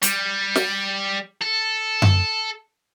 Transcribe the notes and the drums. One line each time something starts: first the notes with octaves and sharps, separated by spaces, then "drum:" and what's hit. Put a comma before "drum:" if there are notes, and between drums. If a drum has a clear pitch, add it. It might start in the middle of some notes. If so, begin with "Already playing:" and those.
G3, drum: hi-hat
drum: snare
A4
drum: tom F#2